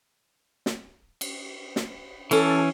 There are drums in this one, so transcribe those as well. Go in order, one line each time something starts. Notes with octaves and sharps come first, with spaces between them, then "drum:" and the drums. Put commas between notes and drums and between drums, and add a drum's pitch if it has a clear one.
drum: snare
drum: cymbal
drum: snare
E3 C#4 A4, drum: cymbal